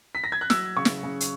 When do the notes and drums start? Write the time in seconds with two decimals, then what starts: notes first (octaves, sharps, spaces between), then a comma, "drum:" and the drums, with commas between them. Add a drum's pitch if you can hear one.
0.15 B6
0.24 A#6
0.32 G#6
0.41 F#6
0.50 F#3 E6, drum: snare
0.76 C#3 C#6
0.85 drum: snare
1.03 C#3
1.20 drum: hi-hat